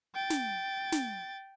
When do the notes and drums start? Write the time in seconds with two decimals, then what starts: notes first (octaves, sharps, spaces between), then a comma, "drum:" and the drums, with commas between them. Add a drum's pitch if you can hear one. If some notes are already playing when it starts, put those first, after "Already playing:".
0.15 G5 A6
0.30 drum: snare
0.92 drum: snare